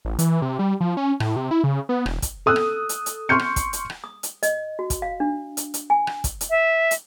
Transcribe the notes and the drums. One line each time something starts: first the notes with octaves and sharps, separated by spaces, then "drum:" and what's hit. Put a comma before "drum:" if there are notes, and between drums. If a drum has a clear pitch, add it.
A1
E3, drum: hi-hat
C3
G3
F3
C#4
A2, drum: rim click
C3
E4
C#3
B3
E1, drum: rim click
drum: kick, hi-hat
A4 D#6 E6 F#6
drum: rim click
drum: hi-hat
drum: hi-hat
C6 C#6 F6 G6 C#7
drum: rim click
drum: kick, hi-hat
drum: hi-hat
drum: rim click
D#6
drum: hi-hat
D#5, drum: hi-hat
F#4
drum: kick, hi-hat
F5
D4
drum: hi-hat
drum: hi-hat
G#5
drum: rim click
drum: kick, hi-hat
drum: hi-hat
E5
drum: hi-hat